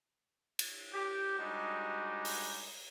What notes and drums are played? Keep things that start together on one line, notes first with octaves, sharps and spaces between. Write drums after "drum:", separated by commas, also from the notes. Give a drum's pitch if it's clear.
drum: cymbal
G4
G3 G#3 D4 D#4 F#4
drum: open hi-hat